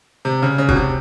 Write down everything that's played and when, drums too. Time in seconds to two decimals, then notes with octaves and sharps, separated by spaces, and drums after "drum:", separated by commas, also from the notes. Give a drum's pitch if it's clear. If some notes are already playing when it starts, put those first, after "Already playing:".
0.25 C3
0.42 C#3
0.58 C#3
0.69 B2, drum: kick
0.76 C3